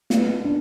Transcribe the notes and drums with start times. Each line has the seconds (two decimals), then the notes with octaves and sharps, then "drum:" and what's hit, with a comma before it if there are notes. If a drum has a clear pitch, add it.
0.10 B3, drum: snare
0.44 D4